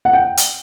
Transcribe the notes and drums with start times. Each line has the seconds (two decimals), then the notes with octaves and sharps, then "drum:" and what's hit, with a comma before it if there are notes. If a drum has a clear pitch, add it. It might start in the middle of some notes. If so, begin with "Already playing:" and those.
0.05 F#5
0.13 G5
0.37 drum: hi-hat